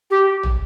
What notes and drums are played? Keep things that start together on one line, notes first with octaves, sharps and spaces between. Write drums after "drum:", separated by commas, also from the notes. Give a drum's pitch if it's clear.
G4
drum: tom